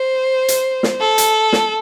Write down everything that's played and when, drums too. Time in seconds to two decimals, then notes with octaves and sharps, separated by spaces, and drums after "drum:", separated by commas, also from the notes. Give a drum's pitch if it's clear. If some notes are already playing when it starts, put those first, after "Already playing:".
Already playing: C5
0.48 drum: hi-hat
0.83 drum: snare
1.01 A4
1.18 drum: hi-hat
1.53 drum: snare